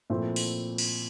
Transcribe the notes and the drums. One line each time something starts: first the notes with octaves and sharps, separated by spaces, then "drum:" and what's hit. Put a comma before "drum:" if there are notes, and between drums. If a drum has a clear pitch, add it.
A#2 F3 A3 C4 E4
drum: open hi-hat
drum: cymbal